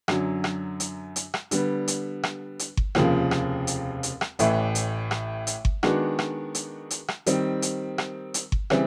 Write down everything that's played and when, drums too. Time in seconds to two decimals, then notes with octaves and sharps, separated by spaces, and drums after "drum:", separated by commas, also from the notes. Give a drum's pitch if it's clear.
0.08 F#2 D3 F#3, drum: rim click
0.44 drum: rim click
0.80 drum: hi-hat
1.16 drum: hi-hat
1.34 drum: rim click
1.51 D3 G3 B3, drum: hi-hat
1.88 drum: hi-hat
2.23 drum: rim click
2.59 drum: hi-hat
2.77 drum: kick G1
2.95 F1 D#2 C#3 F3 A#3, drum: rim click
3.31 drum: rim click
3.67 drum: hi-hat
4.03 drum: hi-hat
4.21 drum: rim click
4.39 A1 A2 E3 A3, drum: hi-hat
4.75 drum: hi-hat
5.11 drum: rim click
5.47 drum: hi-hat
5.65 drum: kick G1
5.83 D#3 G#3 B3 D4 F#4, drum: rim click
6.19 drum: rim click
6.55 drum: hi-hat
6.90 drum: hi-hat
7.08 drum: rim click
7.26 D#3 G3 C4, drum: hi-hat
7.62 drum: hi-hat
7.98 drum: rim click
8.34 drum: hi-hat
8.52 drum: kick G1
8.70 C#3 E3 G3 C4, drum: rim click